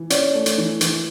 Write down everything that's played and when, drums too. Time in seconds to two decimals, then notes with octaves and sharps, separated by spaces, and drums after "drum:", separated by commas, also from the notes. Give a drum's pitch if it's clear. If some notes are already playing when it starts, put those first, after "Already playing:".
Already playing: E3
0.10 C#4 D5, drum: hi-hat
0.34 A3
0.46 drum: hi-hat
0.58 E3
0.81 E3, drum: hi-hat